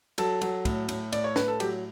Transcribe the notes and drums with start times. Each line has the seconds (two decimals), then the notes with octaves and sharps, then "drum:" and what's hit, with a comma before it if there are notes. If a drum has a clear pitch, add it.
0.18 F#3 A4, drum: cymbal
0.41 F#3, drum: cymbal
0.65 A2, drum: kick, cymbal
0.89 A2, drum: cymbal
1.12 A2 D5, drum: cymbal
1.24 C#5
1.36 A2 B4, drum: snare
1.48 A4
1.60 F#3 G4, drum: cymbal